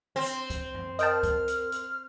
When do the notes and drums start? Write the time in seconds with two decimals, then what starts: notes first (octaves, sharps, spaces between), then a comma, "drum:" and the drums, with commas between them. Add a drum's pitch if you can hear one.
0.16 C4
0.26 drum: hi-hat
0.50 drum: kick C#2, hi-hat
0.74 drum: tom F#2
0.99 A#4 D#5 G5 A5 F6, drum: hi-hat
1.23 drum: kick C#2, hi-hat
1.48 drum: hi-hat
1.72 drum: hi-hat